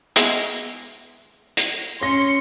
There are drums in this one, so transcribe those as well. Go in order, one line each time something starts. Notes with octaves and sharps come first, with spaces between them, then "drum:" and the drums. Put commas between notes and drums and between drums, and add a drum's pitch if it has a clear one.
G#3 B3 E5, drum: hi-hat
drum: hi-hat
C#4 C#5 C6 A#6 C#7